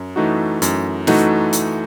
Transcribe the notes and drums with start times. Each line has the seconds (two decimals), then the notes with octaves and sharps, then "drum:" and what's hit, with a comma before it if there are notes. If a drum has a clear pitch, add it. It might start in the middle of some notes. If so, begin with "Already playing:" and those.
Already playing: F#2
0.16 E3 A3 D#4 F#4
0.62 F#2, drum: hi-hat
1.07 E3 A3 D#4 F#4, drum: snare
1.53 drum: hi-hat